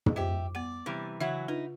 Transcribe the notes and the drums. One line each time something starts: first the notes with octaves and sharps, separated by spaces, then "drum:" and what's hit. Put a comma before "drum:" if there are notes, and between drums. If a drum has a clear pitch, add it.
drum: tom
F4 G4 C5 D#5 E5
B3 D5 F#5
C3 E3 G3
C#3 E3 F#3 E4 E5 F#5
D#4 F4 B4